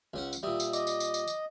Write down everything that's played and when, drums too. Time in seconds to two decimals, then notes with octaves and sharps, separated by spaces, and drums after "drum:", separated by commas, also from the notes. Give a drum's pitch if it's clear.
0.14 C#2 C#4 F#5
0.33 drum: tambourine
0.43 A#2 G3 E5 D#6 E6
0.60 drum: tambourine
0.73 D#5 D6, drum: tambourine
0.87 drum: tambourine
1.00 drum: tambourine
1.14 drum: tambourine
1.27 drum: tambourine